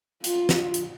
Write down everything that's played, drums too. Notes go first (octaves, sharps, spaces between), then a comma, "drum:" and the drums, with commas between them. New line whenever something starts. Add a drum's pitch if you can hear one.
F4, drum: hi-hat
drum: snare
drum: hi-hat